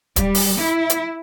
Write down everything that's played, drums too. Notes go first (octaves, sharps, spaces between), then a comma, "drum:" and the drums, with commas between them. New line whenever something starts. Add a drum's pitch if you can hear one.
G3, drum: kick, hi-hat
drum: open hi-hat
E4
drum: hi-hat